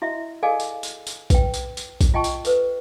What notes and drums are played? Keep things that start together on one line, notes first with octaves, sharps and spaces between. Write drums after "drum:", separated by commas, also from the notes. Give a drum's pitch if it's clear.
E4 F#4 D#5 E5
G#4 A4 D5 D#5 F5 G#5
drum: tambourine
drum: tambourine
drum: tambourine
B4 G5, drum: kick A#1, tambourine
drum: tambourine
drum: tambourine
drum: kick A#1, tambourine
F4 D#5 G5 A5 C#6
drum: tambourine
A4 B4 C5, drum: tambourine